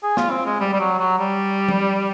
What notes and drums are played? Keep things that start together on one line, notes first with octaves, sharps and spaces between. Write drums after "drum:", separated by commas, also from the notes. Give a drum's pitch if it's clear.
G#4
F4, drum: snare
C4
G#3
G3
G3
F#3
F#3
G3
drum: tom F3